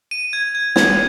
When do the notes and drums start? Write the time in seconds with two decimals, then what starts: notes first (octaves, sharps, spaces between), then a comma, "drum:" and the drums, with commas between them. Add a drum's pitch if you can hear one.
0.11 D#7
0.33 G#6
0.55 G#6
0.76 G#6, drum: snare